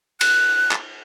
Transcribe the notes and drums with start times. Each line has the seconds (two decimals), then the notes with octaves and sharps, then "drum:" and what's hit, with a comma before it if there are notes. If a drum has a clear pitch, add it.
0.21 F#6, drum: cymbal
0.72 drum: clap